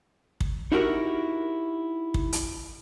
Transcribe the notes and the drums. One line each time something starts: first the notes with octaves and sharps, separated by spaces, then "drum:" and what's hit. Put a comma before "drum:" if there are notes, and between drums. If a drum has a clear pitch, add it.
drum: kick
D#4 E4 F#4 G4 A#4 F#5
drum: kick
drum: hi-hat